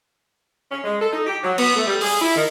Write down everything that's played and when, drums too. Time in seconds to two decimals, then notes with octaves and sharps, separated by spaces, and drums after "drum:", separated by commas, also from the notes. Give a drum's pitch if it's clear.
0.71 C#4
0.84 G#3
1.00 A4
1.13 D#4
1.26 G4
1.43 F#3
1.58 B3, drum: cymbal
1.75 A3
1.88 G3
2.01 G#4, drum: open hi-hat
2.21 E4
2.36 D#3